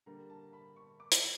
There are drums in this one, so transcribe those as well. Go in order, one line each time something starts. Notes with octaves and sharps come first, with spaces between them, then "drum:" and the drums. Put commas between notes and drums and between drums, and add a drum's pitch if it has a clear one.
D3 G3 A#3 A#5
A5
B5
C#6
D6
drum: hi-hat